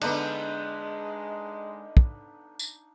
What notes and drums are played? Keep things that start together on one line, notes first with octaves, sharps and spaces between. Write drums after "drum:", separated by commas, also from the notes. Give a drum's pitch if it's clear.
D3 G#3 B3 D4 D#4 D#5, drum: cymbal
drum: kick
drum: tambourine